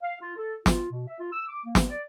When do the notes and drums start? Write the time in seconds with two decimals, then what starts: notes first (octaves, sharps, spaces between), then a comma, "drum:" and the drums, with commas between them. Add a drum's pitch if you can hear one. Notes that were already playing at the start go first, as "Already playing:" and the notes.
0.02 F5
0.21 F4
0.36 A4
0.66 F4, drum: snare
0.91 B2
1.07 E5
1.19 F4
1.32 E6
1.47 D6
1.65 A#3
1.75 drum: snare
1.88 D5